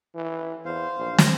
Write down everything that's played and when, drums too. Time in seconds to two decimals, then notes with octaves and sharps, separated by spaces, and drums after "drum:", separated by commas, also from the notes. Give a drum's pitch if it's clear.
0.15 E3
0.65 E2 C5 F5
0.98 A#1
1.18 drum: snare